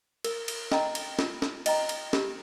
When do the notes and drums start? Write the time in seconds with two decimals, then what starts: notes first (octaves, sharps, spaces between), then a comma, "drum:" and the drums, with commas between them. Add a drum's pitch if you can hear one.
0.24 A#4, drum: cymbal
0.48 drum: cymbal
0.72 D#5 G5 A#5, drum: snare
0.95 drum: cymbal
1.19 F4, drum: snare
1.42 drum: snare
1.66 D#5 G5 A#5, drum: cymbal
1.89 drum: cymbal
2.13 G4, drum: snare